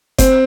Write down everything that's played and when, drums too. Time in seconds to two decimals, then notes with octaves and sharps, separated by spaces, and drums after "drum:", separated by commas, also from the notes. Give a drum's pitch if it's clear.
0.18 C4, drum: kick F#1, hi-hat